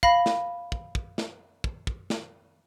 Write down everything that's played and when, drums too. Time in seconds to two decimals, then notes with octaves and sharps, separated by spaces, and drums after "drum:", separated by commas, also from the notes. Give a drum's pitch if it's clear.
0.03 F5 B5 A#6, drum: kick
0.26 drum: snare
0.72 drum: kick
0.95 drum: kick
1.18 drum: snare
1.64 drum: kick
1.87 drum: kick
2.10 drum: snare